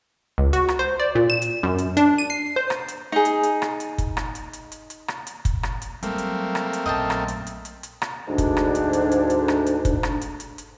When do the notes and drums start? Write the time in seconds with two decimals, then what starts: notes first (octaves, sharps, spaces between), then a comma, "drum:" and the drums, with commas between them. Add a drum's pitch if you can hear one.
0.38 C#2
0.53 F#4, drum: hi-hat
0.68 drum: rim click
0.79 C5
1.00 D5
1.15 A#2
1.30 E7
1.42 drum: hi-hat
1.63 F#2
1.78 drum: hi-hat
1.97 D4, drum: hi-hat
2.18 D#7
2.30 C7
2.56 C5
2.70 drum: rim click
2.88 drum: hi-hat
3.12 D#4 G#4
3.25 drum: hi-hat
3.43 drum: hi-hat
3.62 drum: rim click
3.80 drum: hi-hat
3.98 drum: kick, hi-hat
4.17 drum: rim click
4.35 drum: hi-hat
4.53 drum: hi-hat
4.72 drum: hi-hat
4.90 drum: hi-hat
5.08 drum: rim click
5.27 drum: hi-hat
5.45 drum: kick, hi-hat
5.63 drum: rim click
5.82 drum: hi-hat
6.03 F#3 G3 A3 A#3 C4, drum: hi-hat
6.18 drum: hi-hat
6.55 drum: rim click
6.73 drum: hi-hat
6.86 A#1 F#2 D#5 G5 A5
7.10 drum: rim click
7.28 drum: hi-hat
7.47 drum: hi-hat
7.65 drum: hi-hat
7.83 drum: hi-hat
8.02 drum: rim click
8.28 D2 G#2 D4
8.38 drum: kick, hi-hat
8.57 drum: rim click
8.75 drum: hi-hat
8.93 drum: hi-hat
9.12 drum: hi-hat
9.30 drum: hi-hat
9.48 drum: rim click
9.67 drum: hi-hat
9.85 drum: kick, hi-hat
10.03 drum: rim click
10.22 drum: hi-hat
10.40 drum: hi-hat
10.58 drum: hi-hat